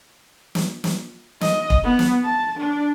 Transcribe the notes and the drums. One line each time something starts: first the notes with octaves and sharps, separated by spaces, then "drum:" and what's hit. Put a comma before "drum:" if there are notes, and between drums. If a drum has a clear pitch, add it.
drum: snare
drum: snare
D#5, drum: snare
drum: kick
B3
drum: snare
A5
D4